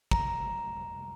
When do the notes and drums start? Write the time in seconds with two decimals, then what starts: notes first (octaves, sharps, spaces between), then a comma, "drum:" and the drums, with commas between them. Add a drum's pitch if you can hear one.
0.11 A#5, drum: kick